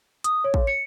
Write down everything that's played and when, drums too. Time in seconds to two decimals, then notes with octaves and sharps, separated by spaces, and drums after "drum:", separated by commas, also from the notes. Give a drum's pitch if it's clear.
0.24 D#6, drum: hi-hat
0.44 C#5
0.54 drum: kick
0.67 C#7